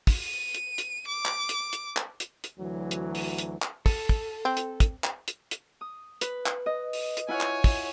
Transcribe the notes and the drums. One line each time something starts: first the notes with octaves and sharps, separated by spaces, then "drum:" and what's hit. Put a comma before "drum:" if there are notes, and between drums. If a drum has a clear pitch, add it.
drum: kick, open hi-hat
D#7
drum: hi-hat
drum: hi-hat
D6
drum: clap
drum: hi-hat
drum: hi-hat
drum: clap
drum: hi-hat
drum: hi-hat
D2 E3 F#3
drum: hi-hat
drum: open hi-hat
drum: hi-hat
drum: clap
A4, drum: kick, open hi-hat
drum: kick
C4
drum: hi-hat
drum: kick, hi-hat
drum: clap
drum: hi-hat
drum: hi-hat
D#6
B4, drum: hi-hat
drum: clap
D#5
drum: open hi-hat
drum: hi-hat
E4 F4 C#5 F#5 G#5
drum: clap
drum: kick, open hi-hat